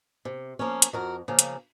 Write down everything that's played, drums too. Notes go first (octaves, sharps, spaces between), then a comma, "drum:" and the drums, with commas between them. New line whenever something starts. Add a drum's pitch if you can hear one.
C3
F3 A#3 C#4
drum: hi-hat
F2 F#4 A#4
C#3 F3 A#3
drum: hi-hat